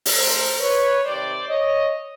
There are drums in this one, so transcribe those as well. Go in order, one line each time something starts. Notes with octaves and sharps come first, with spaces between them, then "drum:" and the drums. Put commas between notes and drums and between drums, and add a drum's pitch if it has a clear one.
drum: open hi-hat
C3 E3 A3 A#4 C5
B4 C#5
C3 D#3 G3 C5 D5
C#5 D#5